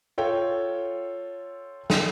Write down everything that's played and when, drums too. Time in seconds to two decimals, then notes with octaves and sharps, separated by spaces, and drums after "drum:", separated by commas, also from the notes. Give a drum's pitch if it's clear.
0.18 F4 A4 C#5 G5
1.90 drum: snare